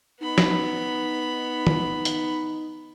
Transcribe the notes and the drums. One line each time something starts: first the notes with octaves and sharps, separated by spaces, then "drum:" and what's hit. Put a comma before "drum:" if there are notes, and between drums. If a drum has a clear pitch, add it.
B3 D#4 B5
drum: snare
drum: tom
drum: hi-hat